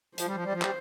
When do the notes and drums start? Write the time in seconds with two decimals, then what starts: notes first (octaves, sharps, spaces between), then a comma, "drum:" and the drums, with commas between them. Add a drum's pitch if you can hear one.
0.18 F3 C5, drum: hi-hat
0.27 G3
0.35 F3
0.44 G3
0.53 F3
0.62 G3, drum: clap